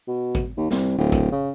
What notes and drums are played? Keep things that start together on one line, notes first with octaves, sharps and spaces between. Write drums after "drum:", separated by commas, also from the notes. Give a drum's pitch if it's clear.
B2
drum: kick G#1, hi-hat
D#2
C2, drum: snare
D1
drum: kick G#1, hi-hat
C#3